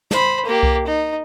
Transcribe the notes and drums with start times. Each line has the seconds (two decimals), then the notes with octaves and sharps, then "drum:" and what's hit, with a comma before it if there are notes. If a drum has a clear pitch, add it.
0.11 C5 B5, drum: snare
0.45 A#3 G4
0.63 drum: kick C2
0.86 D#4